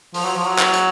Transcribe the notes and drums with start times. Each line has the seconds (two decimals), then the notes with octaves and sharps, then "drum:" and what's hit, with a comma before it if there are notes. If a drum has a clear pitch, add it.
0.14 F3, drum: open hi-hat
0.25 F#3
0.36 F3
0.47 F#3
0.59 drum: clap
0.73 drum: hi-hat